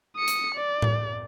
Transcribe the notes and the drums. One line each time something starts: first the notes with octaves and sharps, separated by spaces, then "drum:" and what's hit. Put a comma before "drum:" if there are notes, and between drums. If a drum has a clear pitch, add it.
D#6 C#7
drum: hi-hat
D5
drum: tom A2